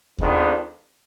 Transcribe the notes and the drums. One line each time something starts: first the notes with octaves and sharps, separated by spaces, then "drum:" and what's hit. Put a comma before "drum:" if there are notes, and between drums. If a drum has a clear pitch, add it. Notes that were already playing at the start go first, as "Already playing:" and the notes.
F2 D#3 G#3 B3 D4, drum: kick D#2